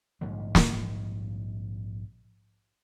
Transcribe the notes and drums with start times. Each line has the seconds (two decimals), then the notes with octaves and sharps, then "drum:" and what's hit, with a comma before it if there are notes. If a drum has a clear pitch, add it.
0.21 A#1 G#2 D3 G3
0.55 drum: snare